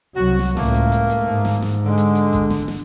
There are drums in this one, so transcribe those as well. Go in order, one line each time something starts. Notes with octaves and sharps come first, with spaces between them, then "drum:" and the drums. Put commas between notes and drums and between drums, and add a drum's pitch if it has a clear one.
C2 F#3 F#4
drum: snare
C#2 A2 A3 A#3, drum: snare
drum: hi-hat
drum: hi-hat
drum: hi-hat
G#2
drum: snare
drum: snare
D3 G#3
drum: hi-hat
drum: hi-hat
drum: kick A1, hi-hat
drum: snare
drum: snare